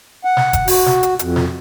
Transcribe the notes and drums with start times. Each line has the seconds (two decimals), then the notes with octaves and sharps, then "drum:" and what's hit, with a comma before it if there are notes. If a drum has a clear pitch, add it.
0.25 F#5
0.37 drum: snare
0.53 drum: kick F1, hi-hat
0.68 F#4, drum: open hi-hat
0.86 drum: snare
1.03 drum: hi-hat
1.19 F2, drum: hi-hat
1.36 drum: snare